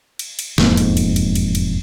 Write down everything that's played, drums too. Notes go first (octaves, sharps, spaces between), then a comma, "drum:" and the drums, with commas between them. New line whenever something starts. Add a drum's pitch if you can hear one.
drum: cymbal
drum: cymbal
E1 F2 G#2 A#3, drum: snare
drum: cymbal
drum: cymbal
drum: cymbal
drum: cymbal
drum: cymbal